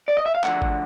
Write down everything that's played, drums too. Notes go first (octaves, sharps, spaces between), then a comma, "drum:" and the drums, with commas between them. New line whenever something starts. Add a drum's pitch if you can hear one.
D5
D#5
E5
F5
D2 D3 F3 F#5, drum: clap
drum: kick G#1